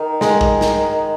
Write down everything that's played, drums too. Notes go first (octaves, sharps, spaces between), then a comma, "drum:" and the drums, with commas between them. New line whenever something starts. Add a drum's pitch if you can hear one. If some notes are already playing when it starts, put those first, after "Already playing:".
Already playing: D#3
G#3, drum: snare
drum: kick
drum: snare